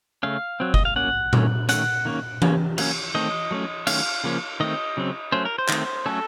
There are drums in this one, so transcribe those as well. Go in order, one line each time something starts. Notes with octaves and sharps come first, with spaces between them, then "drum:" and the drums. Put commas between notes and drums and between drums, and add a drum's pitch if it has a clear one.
C#3 A3 C#4 F5
F#3 C4
D#5, drum: kick F#1
F5
F#3 A#3 C#4 F#5
D#3 A3 C#4, drum: tom A#2
D#3 A3 C#4 F#5, drum: hi-hat
D#3 A#3 C#4
C#3 F3 A#3 C#4, drum: tom E3
F#3 A#3 C#4, drum: cymbal
D#3 A3 C4 D#5
F#3 A3 C#4
D#3 F#3 A3 C#4 F5, drum: cymbal
C#3 F3 A#3 C#4
D#3 A3 C4 D#5
C#3 F#3 C4
F#3 A3 C#4 C5
A#4
C5
D#3 A3 C4, drum: clap
F#3 A3 C#4 A4